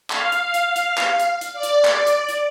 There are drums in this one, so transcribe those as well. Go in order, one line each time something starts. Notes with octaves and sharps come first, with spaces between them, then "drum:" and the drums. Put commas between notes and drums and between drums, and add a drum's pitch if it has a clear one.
F5, drum: clap
drum: hi-hat
drum: hi-hat
drum: hi-hat
drum: clap
drum: hi-hat
drum: hi-hat
D5
drum: hi-hat
drum: clap
drum: hi-hat
drum: hi-hat